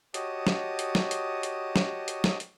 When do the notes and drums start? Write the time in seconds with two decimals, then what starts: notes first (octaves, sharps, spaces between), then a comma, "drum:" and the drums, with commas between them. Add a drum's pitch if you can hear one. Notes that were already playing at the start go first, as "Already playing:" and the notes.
0.14 F#4 G4 C#5 D#5 A5 D#6, drum: hi-hat
0.47 drum: snare
0.79 drum: hi-hat
0.95 drum: snare
1.11 drum: hi-hat
1.43 drum: hi-hat
1.76 drum: snare
2.08 drum: hi-hat
2.24 drum: snare
2.40 drum: hi-hat